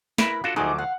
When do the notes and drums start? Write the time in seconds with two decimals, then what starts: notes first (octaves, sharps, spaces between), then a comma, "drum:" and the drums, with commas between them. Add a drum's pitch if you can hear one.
0.18 E4 A#4 B4 E5 B5, drum: snare
0.44 D4 F4 F#4 A4
0.56 D2 F3 F#3 D#4 G#4 D#5 D6
0.79 F5 F#5